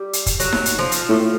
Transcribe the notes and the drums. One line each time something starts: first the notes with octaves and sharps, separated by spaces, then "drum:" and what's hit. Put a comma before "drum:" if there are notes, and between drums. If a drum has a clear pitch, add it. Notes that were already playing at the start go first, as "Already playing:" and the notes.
Already playing: G3
drum: hi-hat
drum: kick, hi-hat
F#3, drum: hi-hat
drum: snare D#4
drum: hi-hat
F3
drum: hi-hat
A2